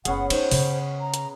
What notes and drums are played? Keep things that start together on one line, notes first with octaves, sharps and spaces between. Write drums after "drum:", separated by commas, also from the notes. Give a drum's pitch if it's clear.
F#1 B3 C#4 G#4 F#5, drum: hi-hat
D#4 C5, drum: cymbal
C#3, drum: open hi-hat
A#5
drum: hi-hat